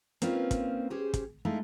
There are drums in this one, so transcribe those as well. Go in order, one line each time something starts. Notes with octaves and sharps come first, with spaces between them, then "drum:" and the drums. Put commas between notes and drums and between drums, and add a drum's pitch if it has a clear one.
A#3 C4 C#4 D#4 F4 B4, drum: hi-hat
drum: kick, hi-hat
C#4 G4 G#4 C5
drum: kick, hi-hat
G#3 A3 D#4 E4 F5